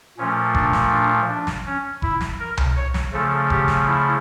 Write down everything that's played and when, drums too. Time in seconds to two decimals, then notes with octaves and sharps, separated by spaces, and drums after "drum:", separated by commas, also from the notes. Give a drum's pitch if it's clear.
0.18 A#2 F3 A3 C#4
0.55 D4, drum: kick F1
0.73 drum: snare
0.92 D4
1.28 D4
1.47 drum: snare
1.66 C#4
2.02 E4, drum: kick F1
2.21 drum: snare
2.39 A#4
2.57 drum: tom C2
2.76 C#5
2.94 drum: snare
3.13 C#3 F3 A3 A4
3.50 G4, drum: kick F1
3.68 drum: snare
3.86 E4